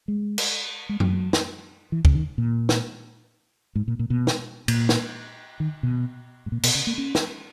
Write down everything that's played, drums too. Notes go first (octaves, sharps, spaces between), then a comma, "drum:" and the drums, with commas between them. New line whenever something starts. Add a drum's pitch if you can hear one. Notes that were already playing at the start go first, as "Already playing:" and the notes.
G#3
drum: cymbal
G#3
F#3, drum: tom F#2
drum: snare
E3
C#3, drum: kick
D#3
A#2
drum: snare
G#2
A#2
A#2
B2
drum: snare
A#2, drum: cymbal
drum: snare
D#3
B2
G#2
A#2
B2, drum: cymbal
C#3
A#3
C#4
drum: snare